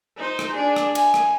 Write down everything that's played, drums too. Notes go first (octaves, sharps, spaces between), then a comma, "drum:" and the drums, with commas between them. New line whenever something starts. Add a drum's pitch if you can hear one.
D#4 C5
drum: rim click
D4 G#4
drum: rim click
G#5, drum: cymbal
drum: rim click